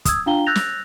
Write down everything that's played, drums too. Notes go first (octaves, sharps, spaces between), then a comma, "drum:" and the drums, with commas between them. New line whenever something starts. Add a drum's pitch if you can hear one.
D#6 E6 G#6, drum: kick, hi-hat
D4 F4 F5 G5 A#5 G7
E6 F#6 G6 A6 A#6 F7
drum: snare